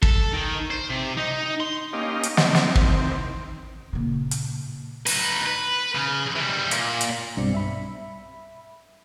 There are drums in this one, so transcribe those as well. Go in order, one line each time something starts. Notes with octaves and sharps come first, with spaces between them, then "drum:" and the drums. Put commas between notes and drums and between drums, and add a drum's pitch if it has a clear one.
A4, drum: kick
D#3
C5
C3
D#4
C6
A#3 C#4 D#4 G4 D#5 F5
drum: hi-hat
C3 D#3 E3 C4, drum: snare
drum: snare
drum: kick
A#2 C#3
drum: hi-hat
D#4 B4, drum: open hi-hat
B4
C#3
E3 G3
A#2, drum: hi-hat
drum: hi-hat
B1 G2 B2 C4 D5 C#7
E5 B5